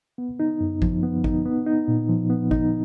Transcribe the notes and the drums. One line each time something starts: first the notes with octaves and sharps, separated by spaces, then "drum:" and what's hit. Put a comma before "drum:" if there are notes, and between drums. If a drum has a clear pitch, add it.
B3
D#4
F#2
F3, drum: kick G#1
B3
D#4, drum: kick G#1
B3
D#4
A#2
F3
B3
D#4, drum: kick G#1